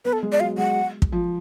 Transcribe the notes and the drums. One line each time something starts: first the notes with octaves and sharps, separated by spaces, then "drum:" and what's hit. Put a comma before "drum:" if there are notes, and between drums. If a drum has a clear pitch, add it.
B3 B4
A4
G#3
D5
F#3 F5
G#3 F#5
drum: kick
F3